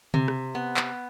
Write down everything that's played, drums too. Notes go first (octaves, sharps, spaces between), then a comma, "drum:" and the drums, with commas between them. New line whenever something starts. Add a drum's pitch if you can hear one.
C3, drum: tom C#3
drum: rim click
B3
drum: clap